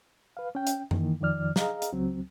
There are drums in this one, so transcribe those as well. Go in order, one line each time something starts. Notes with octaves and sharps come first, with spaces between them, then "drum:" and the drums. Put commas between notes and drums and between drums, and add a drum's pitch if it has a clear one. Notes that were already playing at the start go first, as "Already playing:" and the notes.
B4 F5
C#4 G5
drum: hi-hat
D#3 E3 A#3, drum: tom F#2
F2 D#3 F3 D5 F6
G#4 D#5 F5 A#5, drum: snare
drum: hi-hat
C#2 F#3 C4